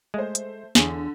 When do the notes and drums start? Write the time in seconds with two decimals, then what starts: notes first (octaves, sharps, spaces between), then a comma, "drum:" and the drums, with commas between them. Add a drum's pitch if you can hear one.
0.14 G#3 A3 C5
0.35 drum: hi-hat
0.75 E2 D3 G#4 C#5, drum: snare